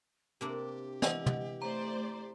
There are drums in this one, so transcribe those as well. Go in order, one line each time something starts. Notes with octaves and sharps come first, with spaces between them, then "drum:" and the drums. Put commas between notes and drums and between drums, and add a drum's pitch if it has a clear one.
C3 A#3 D4 G4
E3 D#5 F#5, drum: snare
drum: tom
A3 C5 D5 A#5